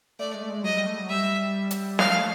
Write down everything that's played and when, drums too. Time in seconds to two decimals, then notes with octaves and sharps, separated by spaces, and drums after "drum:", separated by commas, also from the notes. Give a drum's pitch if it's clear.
0.19 A3 D5
0.34 G#3
0.42 A3
0.50 G#3
0.64 F#3 D#5
0.76 G3
0.86 A3
0.98 F#3
1.09 G3 E5
1.71 drum: hi-hat
1.99 G#3 F5, drum: snare
2.13 A3